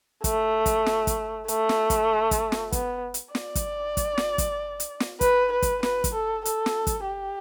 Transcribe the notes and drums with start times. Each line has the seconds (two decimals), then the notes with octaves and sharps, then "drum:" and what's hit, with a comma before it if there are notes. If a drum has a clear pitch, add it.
0.24 A3, drum: kick, hi-hat
0.66 drum: kick, hi-hat
0.86 drum: snare
1.07 drum: kick, hi-hat
1.48 A3, drum: hi-hat
1.69 drum: snare
1.90 drum: kick, hi-hat
2.31 drum: kick, hi-hat
2.52 drum: snare
2.72 B3, drum: kick, hi-hat
3.14 drum: hi-hat
3.35 D5, drum: snare
3.55 drum: kick, hi-hat
3.97 drum: kick, hi-hat
4.18 drum: snare
4.38 drum: kick, hi-hat
4.80 drum: hi-hat
5.00 drum: snare
5.21 B4, drum: kick, hi-hat
5.52 B4
5.62 drum: kick, hi-hat
5.83 B4, drum: snare
6.04 drum: kick, hi-hat
6.14 A4
6.45 A4, drum: hi-hat
6.66 drum: snare
6.87 drum: kick, hi-hat
7.07 G4